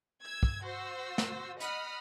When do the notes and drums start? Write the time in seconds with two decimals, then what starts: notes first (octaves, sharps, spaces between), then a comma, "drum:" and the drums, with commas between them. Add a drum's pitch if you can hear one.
0.23 E6 G#6
0.43 drum: kick
0.63 F#4 C5 E6
1.18 drum: snare
1.60 D#5 F#5 B5 D#6 F6, drum: hi-hat